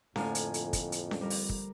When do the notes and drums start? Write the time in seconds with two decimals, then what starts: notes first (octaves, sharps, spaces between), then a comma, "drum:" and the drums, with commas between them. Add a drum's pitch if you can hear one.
0.16 F2 A2 D3 F3 A#3 G#5 F6, drum: snare C#4
0.35 drum: hi-hat
0.54 drum: hi-hat
0.73 drum: kick, hi-hat
0.92 drum: hi-hat
1.11 drum: snare C#4
1.21 G3 A#4
1.30 drum: open hi-hat
1.49 drum: kick